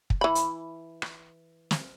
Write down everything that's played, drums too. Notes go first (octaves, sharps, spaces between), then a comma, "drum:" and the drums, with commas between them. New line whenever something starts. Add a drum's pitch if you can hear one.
drum: kick
E3 B5
drum: hi-hat
drum: rim click
drum: snare